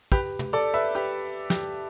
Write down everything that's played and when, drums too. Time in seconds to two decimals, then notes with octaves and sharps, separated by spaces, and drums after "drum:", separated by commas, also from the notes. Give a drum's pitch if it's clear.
0.12 G4 B4, drum: kick
0.39 drum: tom
0.53 A4 D5
0.74 B4 E5
0.95 G4 B4, drum: hi-hat
1.50 G4, drum: snare